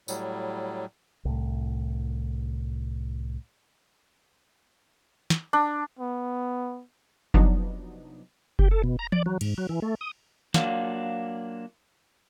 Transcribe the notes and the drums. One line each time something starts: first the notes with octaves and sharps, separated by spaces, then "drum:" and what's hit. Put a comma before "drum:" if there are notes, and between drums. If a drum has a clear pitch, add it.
A2 F#3 G3, drum: tambourine
C2 A2
drum: snare
D4
B3
C3 F3 F#3 B3 D4 D#4, drum: kick F#1
G4, drum: kick F#1
A4
B2
A#5
D5, drum: tom E3
F#3
G#2, drum: cymbal
F#3
E3
A3
D#6
F#3 A#3 D4 F4, drum: snare